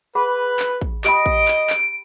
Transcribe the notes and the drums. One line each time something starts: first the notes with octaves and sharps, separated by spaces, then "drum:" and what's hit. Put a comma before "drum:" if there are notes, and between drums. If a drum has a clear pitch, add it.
G#4 B4 F#5 B5
drum: clap
drum: kick
G4 D#5 G5 B5 D7, drum: clap
drum: kick
drum: clap
drum: clap